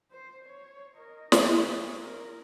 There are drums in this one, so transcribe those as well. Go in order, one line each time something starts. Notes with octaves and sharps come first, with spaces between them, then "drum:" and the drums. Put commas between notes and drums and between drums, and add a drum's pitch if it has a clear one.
C5
C#5
A#4 D#5
D#4, drum: snare
C#5
A#4